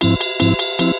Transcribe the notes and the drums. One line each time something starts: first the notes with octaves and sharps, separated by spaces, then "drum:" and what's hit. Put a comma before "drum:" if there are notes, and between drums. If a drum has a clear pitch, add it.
G#2 F3 C4 E4, drum: cymbal
drum: cymbal
G#2 F3 C4 E4, drum: cymbal
drum: cymbal
F3 C4 E4, drum: cymbal